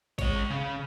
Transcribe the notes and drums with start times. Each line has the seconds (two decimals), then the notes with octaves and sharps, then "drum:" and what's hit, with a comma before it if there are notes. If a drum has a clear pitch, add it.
0.19 G#3 C#5, drum: kick G#1, cymbal
0.51 C#3